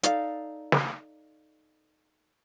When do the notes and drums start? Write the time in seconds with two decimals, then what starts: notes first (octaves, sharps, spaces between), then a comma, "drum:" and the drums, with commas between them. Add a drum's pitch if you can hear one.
0.03 D#4 A4 D5 F5, drum: hi-hat
0.72 drum: snare